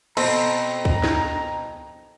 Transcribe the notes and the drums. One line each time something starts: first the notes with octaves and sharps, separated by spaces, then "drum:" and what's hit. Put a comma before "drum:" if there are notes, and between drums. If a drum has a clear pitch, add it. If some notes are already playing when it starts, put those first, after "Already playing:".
B2 C4 A4 G5 A#5 B5, drum: cymbal
drum: kick
drum: snare